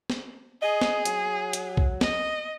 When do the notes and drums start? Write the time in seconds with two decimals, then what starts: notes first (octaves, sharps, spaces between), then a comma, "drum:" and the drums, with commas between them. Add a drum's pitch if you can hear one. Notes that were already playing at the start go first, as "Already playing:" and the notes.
0.10 drum: snare
0.62 G#4 D#5
0.81 drum: snare
1.05 F#3, drum: hi-hat
1.53 drum: hi-hat
1.77 drum: kick
2.01 D#5, drum: snare